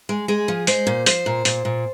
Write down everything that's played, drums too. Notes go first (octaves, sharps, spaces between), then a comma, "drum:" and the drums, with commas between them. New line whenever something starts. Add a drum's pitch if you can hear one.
G#3
G#3 G#4
F3
G#3 C5, drum: hi-hat
A#2
F3 C5, drum: hi-hat
A#2
A#2, drum: hi-hat
A#2